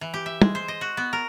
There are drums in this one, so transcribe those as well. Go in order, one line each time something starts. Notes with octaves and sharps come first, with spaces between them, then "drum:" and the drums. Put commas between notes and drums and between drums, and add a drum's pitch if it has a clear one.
E3
G4
E5
G#3, drum: tom
C5
D#5
F#4
B3
A#4